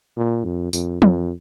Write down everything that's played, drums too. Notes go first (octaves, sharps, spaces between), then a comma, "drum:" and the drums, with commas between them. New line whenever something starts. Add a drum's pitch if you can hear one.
A#2
F2
F2, drum: tambourine
F2, drum: tom